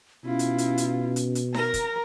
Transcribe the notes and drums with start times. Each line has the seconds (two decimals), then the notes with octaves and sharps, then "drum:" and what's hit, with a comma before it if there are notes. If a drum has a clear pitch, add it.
0.25 B2 C#4 E4 F4
0.39 drum: hi-hat
0.58 drum: hi-hat
0.78 drum: hi-hat
1.16 drum: hi-hat
1.35 drum: hi-hat
1.54 A#4 A#5, drum: snare D#4
1.74 drum: kick, hi-hat